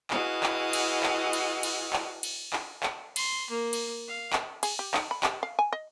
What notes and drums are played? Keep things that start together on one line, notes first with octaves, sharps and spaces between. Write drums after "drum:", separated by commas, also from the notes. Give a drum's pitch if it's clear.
E4 F#4 G#4 B4 D#5 F5, drum: clap
drum: clap
drum: cymbal
drum: clap
drum: cymbal
drum: cymbal
drum: clap
drum: cymbal
drum: clap
drum: clap
C6, drum: cymbal
A#3
drum: cymbal
F5
drum: clap
G#4, drum: cymbal
G4
D#4, drum: clap
B5
G4, drum: clap
F5
G#5
D#5